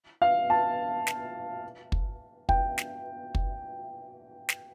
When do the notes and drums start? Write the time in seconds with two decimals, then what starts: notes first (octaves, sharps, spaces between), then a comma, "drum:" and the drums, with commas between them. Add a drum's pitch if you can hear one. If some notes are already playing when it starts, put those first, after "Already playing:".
0.22 F5
0.50 A5
1.07 drum: snare
1.92 drum: kick
2.49 G5, drum: kick
2.78 drum: snare
3.35 drum: kick
4.49 drum: snare